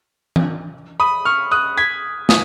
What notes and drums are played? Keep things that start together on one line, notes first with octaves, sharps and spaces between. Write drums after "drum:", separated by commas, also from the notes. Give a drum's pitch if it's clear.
drum: tom E3
B5 D#6
C#6 F6
D#6 F#6
G#6 B6
D#6, drum: snare